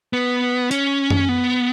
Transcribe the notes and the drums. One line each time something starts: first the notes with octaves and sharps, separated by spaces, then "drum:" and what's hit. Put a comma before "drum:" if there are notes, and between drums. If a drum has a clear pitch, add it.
B3
C#4, drum: hi-hat
drum: tom F#2
B3